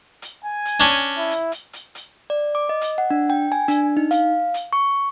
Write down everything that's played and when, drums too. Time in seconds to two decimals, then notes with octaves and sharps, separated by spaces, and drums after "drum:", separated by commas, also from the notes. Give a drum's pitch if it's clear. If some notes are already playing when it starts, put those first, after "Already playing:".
0.22 drum: hi-hat
0.44 G#5
0.65 drum: hi-hat
0.80 C#4 D4
1.17 E4
1.30 drum: hi-hat
1.52 drum: hi-hat
1.73 drum: hi-hat
1.95 drum: hi-hat
2.30 D5
2.55 D6
2.69 D#5
2.81 drum: hi-hat
2.98 F#5
3.11 D4
3.30 G5
3.52 G#5
3.68 D4, drum: hi-hat
3.97 D#4
4.11 F5, drum: hi-hat
4.54 drum: hi-hat
4.73 C#6